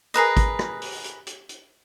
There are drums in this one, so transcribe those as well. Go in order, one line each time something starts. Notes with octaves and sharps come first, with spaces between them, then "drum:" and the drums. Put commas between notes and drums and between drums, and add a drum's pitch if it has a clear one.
G#4 A#4 B4 D#5
drum: kick G#1, hi-hat
drum: rim click
drum: open hi-hat
drum: hi-hat
drum: hi-hat
drum: hi-hat